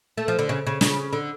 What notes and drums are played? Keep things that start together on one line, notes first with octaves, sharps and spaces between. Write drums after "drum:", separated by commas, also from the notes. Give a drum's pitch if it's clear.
A3
F3
D3
C#3
C#3
C#3, drum: snare
D3